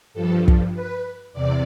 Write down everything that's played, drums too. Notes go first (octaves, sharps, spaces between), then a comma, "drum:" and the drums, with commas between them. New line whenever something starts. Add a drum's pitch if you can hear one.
G2 F3 A4
drum: kick
B4
E2 C3 D5